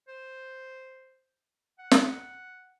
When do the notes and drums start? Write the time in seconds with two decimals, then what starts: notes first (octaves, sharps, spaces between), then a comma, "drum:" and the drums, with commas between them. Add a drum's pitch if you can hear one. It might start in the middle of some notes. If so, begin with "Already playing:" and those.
0.08 C5
1.79 F#5
1.91 drum: snare